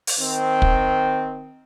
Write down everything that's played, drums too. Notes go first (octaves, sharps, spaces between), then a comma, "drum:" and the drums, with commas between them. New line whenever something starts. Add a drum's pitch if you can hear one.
drum: open hi-hat
D#3 C4
drum: kick